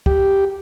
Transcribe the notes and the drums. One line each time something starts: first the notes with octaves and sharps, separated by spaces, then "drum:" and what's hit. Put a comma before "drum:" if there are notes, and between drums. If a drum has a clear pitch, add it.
G4, drum: kick